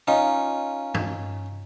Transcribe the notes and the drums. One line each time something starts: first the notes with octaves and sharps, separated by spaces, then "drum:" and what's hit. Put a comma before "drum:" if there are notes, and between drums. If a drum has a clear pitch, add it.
C#4 D#4 F4 D#5 F5 A#5
drum: tom G2